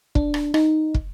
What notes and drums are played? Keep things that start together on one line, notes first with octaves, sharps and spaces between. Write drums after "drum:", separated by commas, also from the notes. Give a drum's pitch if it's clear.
D4, drum: kick
drum: rim click
D#4, drum: rim click
drum: kick